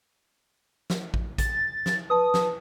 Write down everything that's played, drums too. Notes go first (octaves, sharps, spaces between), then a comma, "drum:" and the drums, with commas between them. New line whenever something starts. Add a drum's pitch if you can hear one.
drum: snare
drum: kick A1
A6, drum: kick A1, hi-hat
drum: snare
B4 A5 D#6
drum: snare